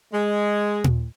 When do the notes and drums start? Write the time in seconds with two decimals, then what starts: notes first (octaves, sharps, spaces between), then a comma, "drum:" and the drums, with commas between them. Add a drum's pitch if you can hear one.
0.13 G#3
0.84 drum: tom A#2